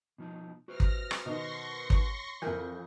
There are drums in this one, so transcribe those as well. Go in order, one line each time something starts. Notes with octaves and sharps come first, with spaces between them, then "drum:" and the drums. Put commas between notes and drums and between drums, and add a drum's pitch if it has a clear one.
B2 F3 D#4
F#4 B4 C5 F6 A#6
drum: kick
drum: rim click
B2 D#3 D#5 C6 C#6 A#6
C#5, drum: kick
F2 E3 E4 A#4 G#5 G6